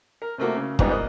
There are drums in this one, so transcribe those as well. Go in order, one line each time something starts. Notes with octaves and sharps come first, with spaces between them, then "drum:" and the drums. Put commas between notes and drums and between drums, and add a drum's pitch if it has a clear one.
A#4
C3 A3 A#3 F#4
C#3
F2 G#2 G3 B3 D#5, drum: kick
A#3 D#5 F#6